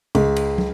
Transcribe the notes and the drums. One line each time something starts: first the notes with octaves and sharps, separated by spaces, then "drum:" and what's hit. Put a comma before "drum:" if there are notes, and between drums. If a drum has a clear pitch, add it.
C#2, drum: cymbal
drum: cymbal
drum: tom